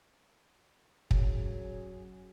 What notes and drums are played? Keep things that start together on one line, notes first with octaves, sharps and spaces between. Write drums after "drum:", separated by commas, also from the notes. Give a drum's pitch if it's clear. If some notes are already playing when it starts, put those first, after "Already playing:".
F#3 C#4 G#4, drum: kick